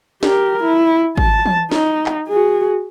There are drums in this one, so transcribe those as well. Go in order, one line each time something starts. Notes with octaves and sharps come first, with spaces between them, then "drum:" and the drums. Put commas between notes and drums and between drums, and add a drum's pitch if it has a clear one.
G4 A#4, drum: snare
E4
A5, drum: kick G#1
drum: tom E3
D#4, drum: snare
drum: clap
F#4 G#4